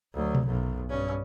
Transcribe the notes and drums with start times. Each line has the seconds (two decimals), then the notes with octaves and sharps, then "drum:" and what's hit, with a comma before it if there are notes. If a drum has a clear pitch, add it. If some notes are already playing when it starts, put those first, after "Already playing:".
0.14 D2 F#3
0.35 drum: tom B2
0.45 B1 F#2
0.88 G2 C#4